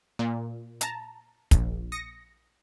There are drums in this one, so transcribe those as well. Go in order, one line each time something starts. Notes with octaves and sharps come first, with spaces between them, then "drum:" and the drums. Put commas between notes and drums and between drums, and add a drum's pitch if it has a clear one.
A#2
A5 A#5, drum: hi-hat
A#1, drum: kick, hi-hat
D#6 A#6 C#7